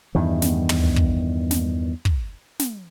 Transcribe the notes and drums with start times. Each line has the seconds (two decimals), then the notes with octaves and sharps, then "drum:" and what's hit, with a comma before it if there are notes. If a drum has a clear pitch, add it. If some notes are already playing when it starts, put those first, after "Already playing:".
0.15 E2 G2 D#3
0.42 drum: snare
0.69 drum: tom
0.96 drum: kick
1.51 drum: snare
2.05 drum: kick
2.59 drum: snare